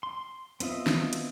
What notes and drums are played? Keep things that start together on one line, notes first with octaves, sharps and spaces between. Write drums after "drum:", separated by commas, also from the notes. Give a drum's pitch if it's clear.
C6
B3 C4 F4 D#5 E5, drum: hi-hat
drum: snare
drum: hi-hat